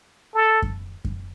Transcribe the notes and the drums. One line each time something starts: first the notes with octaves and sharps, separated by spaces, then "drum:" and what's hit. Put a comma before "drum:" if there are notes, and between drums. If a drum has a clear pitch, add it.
A4
drum: kick F#2
drum: kick F#2